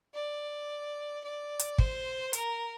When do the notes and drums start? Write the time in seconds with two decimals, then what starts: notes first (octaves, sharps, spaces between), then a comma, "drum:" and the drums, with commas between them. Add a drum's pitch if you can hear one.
0.14 D5
1.24 D5
1.59 drum: hi-hat
1.78 C5, drum: kick
2.33 A#4, drum: hi-hat